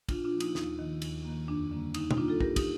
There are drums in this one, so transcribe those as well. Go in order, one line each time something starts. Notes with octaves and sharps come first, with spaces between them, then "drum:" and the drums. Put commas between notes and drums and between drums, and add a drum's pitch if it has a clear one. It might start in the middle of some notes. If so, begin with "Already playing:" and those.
A#2 D4 F4, drum: kick, cymbal
D4 F4
F3 A#3
D#4, drum: cymbal
D#2 D#4, drum: snare
D#3 A#3
D#2, drum: cymbal
D#3 A#3
F2 D4
D3 G3 A#3
F2 D#4, drum: cymbal
D#4, drum: tom
D3 G3 A#3 D4 F4
F4 A4
G2 G4 A#4, drum: kick
D#4 G4, drum: kick, cymbal